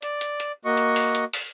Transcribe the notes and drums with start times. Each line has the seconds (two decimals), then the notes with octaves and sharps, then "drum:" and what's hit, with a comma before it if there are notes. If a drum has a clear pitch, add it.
0.02 D5, drum: hi-hat
0.21 drum: hi-hat
0.40 drum: hi-hat
0.65 A#3 F#4 D#5 C#6
0.77 drum: hi-hat
0.96 drum: open hi-hat
1.15 drum: hi-hat
1.34 drum: open hi-hat